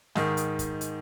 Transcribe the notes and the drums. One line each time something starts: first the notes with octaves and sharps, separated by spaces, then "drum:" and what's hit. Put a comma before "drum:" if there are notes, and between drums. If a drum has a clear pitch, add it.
G#2 D#3, drum: snare
drum: hi-hat
drum: kick, hi-hat
drum: hi-hat